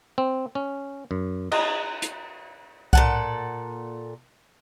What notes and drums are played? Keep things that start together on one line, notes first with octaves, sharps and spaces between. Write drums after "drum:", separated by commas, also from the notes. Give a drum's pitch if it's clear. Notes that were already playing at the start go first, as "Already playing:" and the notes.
C4
C#4
F#2
D#5, drum: cymbal
drum: hi-hat
A#2 A4 F#5, drum: kick C2